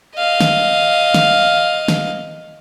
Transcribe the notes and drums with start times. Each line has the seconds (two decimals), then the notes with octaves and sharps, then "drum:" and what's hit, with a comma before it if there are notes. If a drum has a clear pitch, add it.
0.16 D#5 F5
0.41 drum: snare
1.15 drum: snare
1.88 drum: snare